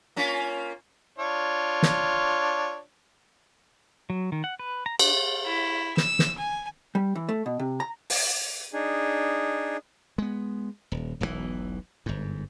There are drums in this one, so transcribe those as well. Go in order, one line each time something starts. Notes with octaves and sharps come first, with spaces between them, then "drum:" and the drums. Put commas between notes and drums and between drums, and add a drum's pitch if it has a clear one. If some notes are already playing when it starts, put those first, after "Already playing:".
A#3 C#4 F4
D4 F4 C#5
drum: snare
F#3
D#3
F#5
B4
A#5
D4, drum: cymbal
E4
E6, drum: snare
drum: snare
G#5
G3
E3
A3
B2
C3
A#5
drum: open hi-hat
D4 D#4 G#4
G#3 B3
D#1
E1 B1 G#2 E3
G1 G#2